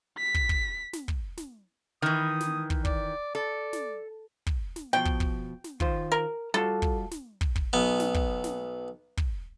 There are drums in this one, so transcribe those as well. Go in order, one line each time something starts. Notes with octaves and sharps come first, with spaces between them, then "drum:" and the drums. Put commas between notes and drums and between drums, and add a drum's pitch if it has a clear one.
B6
drum: kick
drum: kick
drum: snare
drum: kick
drum: snare
D#3 E3 D#6
drum: snare
drum: kick
D5, drum: kick
A4 D5
drum: snare
drum: kick
drum: snare
B2 F3 G5
drum: kick
drum: kick
drum: snare
D#3 F4 C5, drum: kick
A#4
G3 F4 F#4 A4
drum: kick
drum: snare
drum: kick
drum: kick
B1 B3
drum: snare
drum: kick
drum: snare
drum: kick